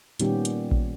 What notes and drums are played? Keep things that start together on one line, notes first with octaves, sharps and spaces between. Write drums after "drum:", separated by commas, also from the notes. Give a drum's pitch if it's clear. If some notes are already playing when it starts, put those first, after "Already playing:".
A#2 D#3 G3 B3 C#4 G4, drum: hi-hat
drum: hi-hat
drum: kick A1